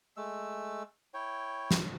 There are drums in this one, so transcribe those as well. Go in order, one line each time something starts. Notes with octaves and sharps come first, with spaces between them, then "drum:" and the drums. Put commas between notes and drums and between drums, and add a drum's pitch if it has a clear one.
G#3 A3 E6
E4 C#5 G5
drum: snare